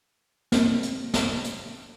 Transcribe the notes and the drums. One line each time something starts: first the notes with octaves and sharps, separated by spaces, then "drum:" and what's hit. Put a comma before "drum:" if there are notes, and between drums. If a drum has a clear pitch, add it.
A#3 C4, drum: snare
drum: hi-hat
drum: snare
drum: hi-hat